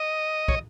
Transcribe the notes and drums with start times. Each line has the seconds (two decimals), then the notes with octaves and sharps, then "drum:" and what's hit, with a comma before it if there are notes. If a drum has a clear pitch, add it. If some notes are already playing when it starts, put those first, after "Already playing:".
Already playing: D#5
0.48 C#5, drum: kick